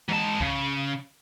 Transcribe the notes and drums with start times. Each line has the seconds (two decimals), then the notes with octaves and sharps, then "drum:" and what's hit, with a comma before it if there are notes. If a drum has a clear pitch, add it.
0.09 G#2 A5, drum: tom E3
0.40 C#3, drum: kick C2